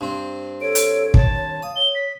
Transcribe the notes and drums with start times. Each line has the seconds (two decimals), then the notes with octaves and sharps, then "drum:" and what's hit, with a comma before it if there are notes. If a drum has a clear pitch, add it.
0.01 G2 C4
0.61 A4 C#5 D7
0.75 drum: hi-hat
1.14 D#3 A5, drum: kick
1.62 F5 D#6
1.76 C#5 G7
1.95 B6